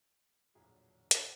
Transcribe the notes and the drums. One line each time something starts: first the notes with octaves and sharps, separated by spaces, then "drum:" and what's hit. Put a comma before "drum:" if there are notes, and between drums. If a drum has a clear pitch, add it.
A#1 E2 A2 D3 F#3 G#4
drum: hi-hat